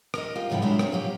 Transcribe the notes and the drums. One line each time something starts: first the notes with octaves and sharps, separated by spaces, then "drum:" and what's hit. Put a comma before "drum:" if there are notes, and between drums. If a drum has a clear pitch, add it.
A#4 D#5, drum: rim click
F4 G4
D#2 G#2 C3 F3 E4 G5
F#3 G#3 D4 E4 F4 G4
C4 A#4, drum: rim click
F3 F#3 A#3 G4